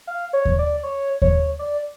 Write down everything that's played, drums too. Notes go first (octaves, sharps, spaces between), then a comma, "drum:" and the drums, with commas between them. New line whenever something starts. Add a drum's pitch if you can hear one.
F5
C#5
drum: kick D#2
D5
C#5
C#5, drum: kick D#2
D5